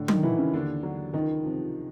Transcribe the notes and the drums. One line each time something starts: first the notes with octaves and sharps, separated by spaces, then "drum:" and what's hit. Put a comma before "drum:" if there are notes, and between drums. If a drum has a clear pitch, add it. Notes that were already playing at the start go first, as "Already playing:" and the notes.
Already playing: A2 D3
D#3 D#4, drum: tom F#3
E3 F#3 E4
C#3 C#4
D#2 D3 D4
D3 F#3
C#2 D#3 D#4
C3 F3